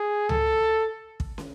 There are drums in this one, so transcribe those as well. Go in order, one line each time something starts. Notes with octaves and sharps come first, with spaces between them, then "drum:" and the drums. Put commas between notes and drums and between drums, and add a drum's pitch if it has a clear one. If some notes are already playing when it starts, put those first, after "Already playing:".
Already playing: G#4
A4, drum: tom C#2
drum: kick
drum: snare